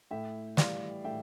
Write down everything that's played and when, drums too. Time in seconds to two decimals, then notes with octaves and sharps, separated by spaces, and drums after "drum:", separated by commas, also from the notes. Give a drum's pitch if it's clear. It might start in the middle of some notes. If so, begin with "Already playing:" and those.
0.11 A2 E5 G5
0.57 E3 G3 D5 F5, drum: snare
1.04 A2 E5 G5